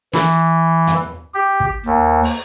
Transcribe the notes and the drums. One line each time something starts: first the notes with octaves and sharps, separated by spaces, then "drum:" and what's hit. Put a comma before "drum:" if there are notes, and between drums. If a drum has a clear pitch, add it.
E3, drum: snare
drum: tom
G4
drum: kick
D#2
drum: open hi-hat